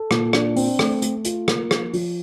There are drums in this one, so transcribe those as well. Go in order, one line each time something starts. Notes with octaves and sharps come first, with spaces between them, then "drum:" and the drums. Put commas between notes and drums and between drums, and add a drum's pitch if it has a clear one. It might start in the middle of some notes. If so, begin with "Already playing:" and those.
Already playing: A4
A#2, drum: rim click
D4, drum: rim click
C4, drum: open hi-hat
A3, drum: rim click
A3, drum: hi-hat
F4, drum: hi-hat
A#3, drum: rim click
F3, drum: rim click
F3, drum: open hi-hat